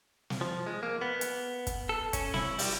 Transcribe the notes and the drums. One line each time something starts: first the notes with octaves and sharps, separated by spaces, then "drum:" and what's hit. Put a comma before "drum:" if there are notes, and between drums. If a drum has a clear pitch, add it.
drum: snare
F3
G#3
A#3
B3
drum: hi-hat
drum: kick, hi-hat
A4
C#4, drum: kick, hi-hat
E4, drum: snare
G3, drum: open hi-hat